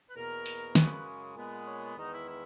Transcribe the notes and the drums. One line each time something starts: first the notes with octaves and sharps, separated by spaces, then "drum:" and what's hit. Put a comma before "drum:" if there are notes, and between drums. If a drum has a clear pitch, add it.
B4
E2 B2 A#3 A#4
drum: open hi-hat
F#2 C#3 G#3 C#4 B4, drum: snare
A#2 G#3 B3
C#5
E2 D#3 G#3 B3 D#4
E4
E4